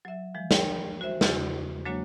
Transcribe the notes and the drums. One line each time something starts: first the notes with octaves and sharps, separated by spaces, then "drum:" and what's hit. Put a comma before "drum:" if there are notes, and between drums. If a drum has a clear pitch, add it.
F#3 E5
E3 F3 G#3
A#4 C#5 G5, drum: snare
F#4 C5 E5
E2 C#3 E4 F#4 G#5 A6, drum: snare
F#3 G#3 A#3 D4 F#4 C#5